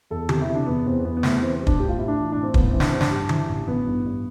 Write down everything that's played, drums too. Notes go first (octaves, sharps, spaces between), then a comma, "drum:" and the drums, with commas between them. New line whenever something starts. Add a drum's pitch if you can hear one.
E2 A4
C3 G4, drum: tom D3
E4
C3
D4
E2 B3
E2 C4
E2 B3
B3
E2 A3, drum: snare
B3
E3 C4
C4
G3
D4, drum: kick
A2 G4
F4
A2 E4
D4
E3
A2 D4
C4
A1 B3, drum: kick
C4
E3
D4, drum: snare
G2 C4
D4, drum: snare
G3
E3, drum: tom D3
A1
A1 B3
G2
G2